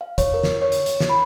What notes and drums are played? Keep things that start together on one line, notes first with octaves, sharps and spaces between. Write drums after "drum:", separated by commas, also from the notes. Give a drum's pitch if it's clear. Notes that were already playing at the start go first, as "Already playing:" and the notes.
F5
C#5, drum: kick F#1, hi-hat
A#4
drum: snare
C#5
drum: hi-hat
drum: hi-hat
drum: snare
B5